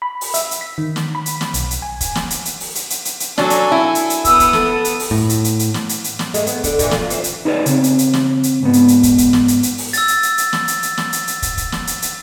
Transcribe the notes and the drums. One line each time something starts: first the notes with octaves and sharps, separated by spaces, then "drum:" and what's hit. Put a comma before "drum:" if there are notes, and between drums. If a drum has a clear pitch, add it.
B5
drum: open hi-hat
E5, drum: hi-hat
drum: hi-hat
B6
D#3
drum: snare
B5
drum: hi-hat
drum: snare
B1, drum: hi-hat
drum: hi-hat
G#5
drum: kick, hi-hat
drum: snare
drum: hi-hat
drum: hi-hat
drum: open hi-hat
drum: hi-hat
drum: hi-hat
drum: hi-hat
drum: hi-hat
F#3 D4 A4 G#5, drum: snare
drum: hi-hat
E4
drum: hi-hat
drum: hi-hat
B3 D#6 E6, drum: kick, hi-hat
drum: kick, hi-hat
A4, drum: snare
drum: hi-hat
drum: open hi-hat
A2
drum: hi-hat
drum: hi-hat
drum: hi-hat
drum: snare
drum: hi-hat
drum: hi-hat
drum: snare
G#3 A3, drum: hi-hat
B3, drum: hi-hat
D3, drum: kick, hi-hat
A#2 D3 E3, drum: kick, hi-hat
F4, drum: snare
E3 C4 C5, drum: hi-hat
drum: hi-hat
D#4 E4 G#4 B4 C#5 D5
C#3 C4, drum: hi-hat
drum: hi-hat
drum: hi-hat
drum: snare
drum: hi-hat
G#2 B3
drum: hi-hat
drum: hi-hat
drum: kick, hi-hat
drum: kick, hi-hat
drum: snare
drum: hi-hat
drum: hi-hat
drum: open hi-hat
E6 A6, drum: hi-hat
drum: hi-hat
drum: hi-hat
drum: hi-hat
drum: snare
drum: hi-hat
drum: hi-hat
drum: snare
drum: hi-hat
drum: hi-hat
drum: kick, hi-hat
drum: kick, hi-hat
drum: snare
drum: hi-hat
drum: hi-hat